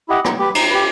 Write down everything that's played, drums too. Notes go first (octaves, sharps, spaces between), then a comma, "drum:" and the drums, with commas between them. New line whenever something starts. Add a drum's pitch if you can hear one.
E4 G4 D#5 F#5
D#4, drum: rim click
G4 B4
D#4, drum: cymbal
G4 B4